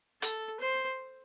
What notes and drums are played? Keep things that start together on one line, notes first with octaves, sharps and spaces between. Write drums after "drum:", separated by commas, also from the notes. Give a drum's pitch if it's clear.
A4, drum: hi-hat
C5